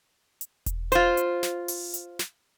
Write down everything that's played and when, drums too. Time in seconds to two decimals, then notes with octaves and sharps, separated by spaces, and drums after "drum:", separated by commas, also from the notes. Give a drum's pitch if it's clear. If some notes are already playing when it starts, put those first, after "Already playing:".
0.41 drum: hi-hat
0.66 drum: kick E1, hi-hat
0.92 F4 C5, drum: hi-hat
1.17 drum: hi-hat
1.43 drum: snare
1.68 drum: open hi-hat
1.94 drum: hi-hat
2.19 drum: snare